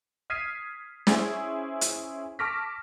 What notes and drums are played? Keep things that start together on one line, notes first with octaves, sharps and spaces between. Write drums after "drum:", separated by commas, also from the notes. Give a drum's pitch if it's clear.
D#6 F6 G#6 B6 C7 D#7
C#4 E4 G#4 C5, drum: snare
drum: hi-hat
A5 C#6 D6 F6 A#6 B6